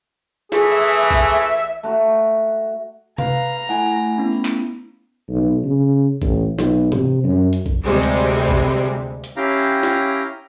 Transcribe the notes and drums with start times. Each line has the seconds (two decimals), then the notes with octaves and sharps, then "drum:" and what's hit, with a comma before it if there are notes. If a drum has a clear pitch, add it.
0.52 E3 A3 G#4, drum: snare
0.72 E5
1.10 drum: kick A#1
1.83 A3 F#4 A#5
3.18 B4 F5 A#5, drum: tom C3
3.69 A3 E4 F#5 G#5
4.18 B3 C#4
4.31 drum: tambourine
4.45 drum: clap
5.29 B1
5.64 C#3
6.22 A1, drum: kick A#1
6.58 B1, drum: snare
6.92 C3, drum: tom
7.24 F#2
7.53 drum: hi-hat
7.66 drum: kick A#1
7.85 D2 C3 G3 G#3 C4
8.03 drum: hi-hat
8.48 drum: kick A#1
9.24 drum: hi-hat
9.37 C#4 E4 G4 F5 G5 A#5
9.83 drum: snare